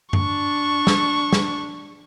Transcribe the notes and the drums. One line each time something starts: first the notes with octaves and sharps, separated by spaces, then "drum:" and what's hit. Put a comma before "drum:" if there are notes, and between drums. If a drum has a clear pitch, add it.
D4 C#6, drum: tom F#2
drum: snare
drum: snare